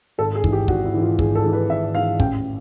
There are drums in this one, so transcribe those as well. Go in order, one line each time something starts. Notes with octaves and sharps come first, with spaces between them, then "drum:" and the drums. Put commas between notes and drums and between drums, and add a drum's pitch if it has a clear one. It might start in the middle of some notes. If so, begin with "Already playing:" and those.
G#1 A4
G#4
G#2 E3, drum: kick
G4
G#1 F#4, drum: kick
E4
G#2 E3
F4
G#1 G#4, drum: kick
A4
G#2 E3
B4
G#1 E5
G#2 E3 F5
A1 G5, drum: kick